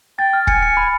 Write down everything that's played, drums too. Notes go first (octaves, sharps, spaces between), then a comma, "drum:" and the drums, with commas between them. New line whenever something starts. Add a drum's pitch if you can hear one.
G5 A6
F6
G#5 C#7, drum: kick
C#7
B5